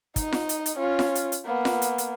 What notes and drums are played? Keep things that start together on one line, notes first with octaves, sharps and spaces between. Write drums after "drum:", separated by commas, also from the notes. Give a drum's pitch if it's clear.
D#4 D#5, drum: kick, hi-hat
drum: snare F4
drum: hi-hat
drum: hi-hat
C#4 F4
drum: snare F4
drum: hi-hat
drum: hi-hat
A#3 B3
drum: snare F4
drum: hi-hat
drum: hi-hat